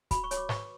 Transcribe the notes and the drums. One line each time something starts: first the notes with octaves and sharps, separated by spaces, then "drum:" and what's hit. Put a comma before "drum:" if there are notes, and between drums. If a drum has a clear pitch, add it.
F#4 B5, drum: kick, hi-hat
C#6
C#5, drum: hi-hat
D6
B4 C#6, drum: snare G#2